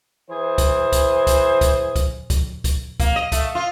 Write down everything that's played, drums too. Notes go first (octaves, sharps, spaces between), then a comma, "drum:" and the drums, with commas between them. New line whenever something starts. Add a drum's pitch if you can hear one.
E3 G#4 C5
drum: kick, hi-hat
drum: kick, hi-hat
drum: kick, hi-hat
drum: kick, hi-hat
drum: kick, hi-hat
drum: kick, hi-hat
drum: kick, hi-hat
A#3, drum: kick, hi-hat
D#5
A3, drum: kick, hi-hat
F4